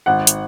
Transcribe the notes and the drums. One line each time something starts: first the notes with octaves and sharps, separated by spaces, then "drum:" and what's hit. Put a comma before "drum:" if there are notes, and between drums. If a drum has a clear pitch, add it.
G#1 F#5
drum: hi-hat